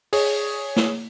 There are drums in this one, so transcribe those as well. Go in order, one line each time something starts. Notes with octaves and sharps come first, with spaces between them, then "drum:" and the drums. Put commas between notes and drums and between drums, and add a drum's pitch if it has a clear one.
G#4 C#5, drum: open hi-hat
drum: snare